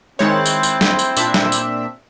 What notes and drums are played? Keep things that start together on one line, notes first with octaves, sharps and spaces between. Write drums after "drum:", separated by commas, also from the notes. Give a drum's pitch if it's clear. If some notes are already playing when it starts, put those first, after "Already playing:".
D#3 G#3 C4 E4 C5 C#5 F#6 A6
drum: tambourine
drum: tambourine
drum: snare
drum: tambourine
A#2 D4 E5, drum: tambourine
drum: snare
drum: tambourine